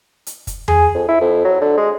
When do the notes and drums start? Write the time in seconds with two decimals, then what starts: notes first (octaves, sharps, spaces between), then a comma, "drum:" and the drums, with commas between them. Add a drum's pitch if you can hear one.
0.27 drum: hi-hat
0.47 drum: kick, hi-hat
0.68 G#4, drum: tom E2
0.95 F2
1.08 E4
1.21 F2
1.45 F#3
1.61 D3
1.77 G#3